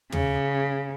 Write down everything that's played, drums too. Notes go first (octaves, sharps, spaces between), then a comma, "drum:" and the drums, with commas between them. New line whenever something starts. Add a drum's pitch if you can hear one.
C#3, drum: tom